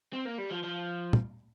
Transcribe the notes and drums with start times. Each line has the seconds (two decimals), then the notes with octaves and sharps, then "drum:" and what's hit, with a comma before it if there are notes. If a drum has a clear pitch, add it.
0.13 C4
0.26 A#3
0.38 G3
0.51 F3
0.63 F3
1.13 drum: tom